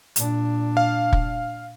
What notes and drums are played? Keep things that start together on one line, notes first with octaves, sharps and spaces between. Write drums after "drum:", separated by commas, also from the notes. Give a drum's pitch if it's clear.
A#2 D4, drum: hi-hat
F5
drum: kick